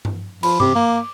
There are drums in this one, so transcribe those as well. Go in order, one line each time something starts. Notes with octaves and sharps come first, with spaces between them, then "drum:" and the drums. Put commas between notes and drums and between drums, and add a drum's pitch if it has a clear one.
drum: tom G2
F3 B5, drum: cymbal
C3 D6, drum: tom G2
A#3